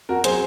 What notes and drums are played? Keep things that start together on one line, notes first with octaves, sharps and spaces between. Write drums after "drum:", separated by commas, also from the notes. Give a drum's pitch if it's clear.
F2 F#4 A#4
F#3 G#4 C5, drum: hi-hat